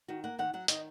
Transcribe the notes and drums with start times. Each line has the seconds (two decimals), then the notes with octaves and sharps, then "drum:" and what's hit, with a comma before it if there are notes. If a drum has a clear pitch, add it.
0.08 D#3 F#4
0.24 A#3 F#5
0.39 D#3 F#5
0.53 F#3 F#5
0.68 D#3 D#5, drum: hi-hat